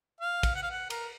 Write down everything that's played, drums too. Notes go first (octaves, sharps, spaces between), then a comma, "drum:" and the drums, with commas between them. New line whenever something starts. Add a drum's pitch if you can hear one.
F5
drum: kick, cymbal
F#5
F5
F#5
A#4, drum: cymbal